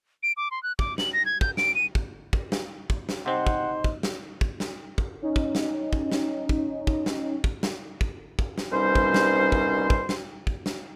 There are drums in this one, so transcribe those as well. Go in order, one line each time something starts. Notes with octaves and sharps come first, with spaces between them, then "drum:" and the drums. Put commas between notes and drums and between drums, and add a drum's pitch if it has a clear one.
D7
D6
C6
F#6
D6, drum: kick
F#7, drum: snare
A#6
G#6
G6, drum: kick
D7, drum: snare
D#7
drum: kick
drum: kick
drum: snare
drum: kick
drum: snare
C3 C4 D#4 C5 F#5
drum: kick
drum: kick
drum: snare
drum: kick
drum: snare
drum: kick
C#4 D#4
drum: kick
drum: snare
drum: kick
drum: snare
drum: kick
drum: kick
drum: snare
drum: kick
drum: snare
drum: kick
drum: kick
drum: snare
C2 B2 G3 C#4 D#4 C5
drum: kick
drum: snare
drum: kick
drum: kick
drum: snare
drum: kick
drum: snare